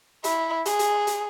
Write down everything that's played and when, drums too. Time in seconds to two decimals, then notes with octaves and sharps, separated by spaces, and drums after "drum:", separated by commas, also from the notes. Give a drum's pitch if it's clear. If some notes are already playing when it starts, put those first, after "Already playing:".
0.24 E4, drum: hi-hat
0.65 G#4, drum: hi-hat
0.79 drum: hi-hat
1.07 drum: hi-hat